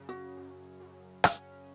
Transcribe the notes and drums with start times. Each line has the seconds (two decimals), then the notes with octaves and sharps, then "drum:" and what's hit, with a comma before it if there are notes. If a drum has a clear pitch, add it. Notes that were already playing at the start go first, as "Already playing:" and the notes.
Already playing: F#2 C#3
0.09 F#4
0.37 F#2
0.80 F#2
1.24 C#4, drum: rim click